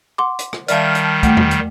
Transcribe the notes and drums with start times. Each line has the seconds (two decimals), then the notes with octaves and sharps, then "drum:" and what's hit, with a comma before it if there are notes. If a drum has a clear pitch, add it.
0.18 F#5 C6 D6
0.39 drum: hi-hat
0.53 drum: rim click
0.68 D#3 G3 D5 E5 F5 A5 F6, drum: hi-hat
0.95 drum: hi-hat
1.23 A3 F#5 G5, drum: kick, hi-hat
1.37 drum: tom E2
1.51 drum: hi-hat